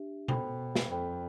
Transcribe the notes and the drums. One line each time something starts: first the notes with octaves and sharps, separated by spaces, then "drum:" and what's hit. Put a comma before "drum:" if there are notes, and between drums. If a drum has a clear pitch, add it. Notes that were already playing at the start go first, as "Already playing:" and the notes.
Already playing: D4 G4 E5
B2 A4 C5 G5 B5, drum: tom B2
drum: snare
F2 A4 C5 G5 B5